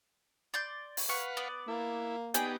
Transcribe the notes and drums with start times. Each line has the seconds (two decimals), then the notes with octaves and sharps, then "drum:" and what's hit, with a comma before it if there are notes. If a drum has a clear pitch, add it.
0.54 D5 C6 G6
0.97 drum: open hi-hat
1.09 B4 F5 F#5 C#6
1.37 B3 D5
1.68 A#3 E4
2.34 B3 D#4 G4 G#4 D5 G5, drum: hi-hat